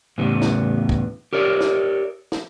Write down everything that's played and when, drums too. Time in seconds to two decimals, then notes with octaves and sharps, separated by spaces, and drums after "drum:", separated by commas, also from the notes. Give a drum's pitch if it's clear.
0.18 E2 A2 C#3 G3 B3
0.42 drum: snare
0.89 drum: kick
1.33 G4 A#4 C#5 D5
1.61 drum: snare
2.32 drum: snare